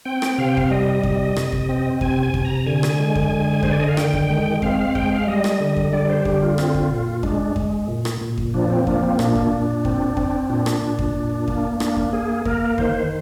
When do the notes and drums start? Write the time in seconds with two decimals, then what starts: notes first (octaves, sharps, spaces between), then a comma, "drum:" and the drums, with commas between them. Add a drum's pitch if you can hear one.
0.05 C4 G5
0.22 drum: rim click
0.38 C3 F5
0.48 G5
0.57 F5, drum: kick F2
0.71 G3 D#5
1.04 C3, drum: kick F2
1.36 C3, drum: rim click
1.52 drum: kick F2
1.69 C4
2.01 C3 G#5, drum: kick F2
2.23 G#5
2.34 C3, drum: kick F2
2.45 A#5
2.66 D3 G#5
2.83 drum: rim click
2.99 G#3
3.16 drum: kick F2
3.32 D3
3.63 D3 C5, drum: kick F2
3.71 D5
3.80 D#5
3.88 F5
3.97 D#3 G5, drum: rim click
4.13 drum: kick F2
4.30 G#3
4.62 C4 F5, drum: kick F2
4.79 F5
4.95 G#3 G5, drum: kick F2
5.11 F5
5.27 G3 D#5
5.44 drum: rim click
5.60 D3
5.77 drum: kick F2
5.93 G3 D5
6.10 C5
6.25 D3 G4, drum: kick F2
6.42 F4
6.58 C4 F4, drum: rim click
6.75 drum: kick F2
6.91 A#2
7.23 G#3 D4, drum: kick F2
7.56 G#3, drum: kick F2
7.88 A#2
8.05 drum: rim click
8.21 A#2
8.38 drum: kick F2
8.54 F3 D4
8.70 C4
8.87 A#3 D4, drum: kick F2
9.03 C4
9.19 A#2 D4, drum: rim click
9.36 drum: kick F2
9.52 A#2
9.85 C4, drum: kick F2
10.17 C4, drum: kick F2
10.50 A#2 D4
10.66 drum: rim click
10.82 A#2
10.99 drum: kick F2
11.15 A#2
11.48 A#3, drum: kick F2
11.80 A#3 D4, drum: rim click
11.97 drum: kick F2
12.13 A#3 G#4
12.45 A#3 A#4, drum: kick F2
12.78 D#3 C5, drum: kick F2